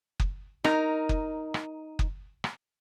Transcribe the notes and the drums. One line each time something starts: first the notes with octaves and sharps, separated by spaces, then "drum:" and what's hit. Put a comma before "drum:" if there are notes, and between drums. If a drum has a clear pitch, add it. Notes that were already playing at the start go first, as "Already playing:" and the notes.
drum: kick F#1
D#4 A#4, drum: rim click
drum: kick F#1
drum: rim click
drum: kick F#1
drum: rim click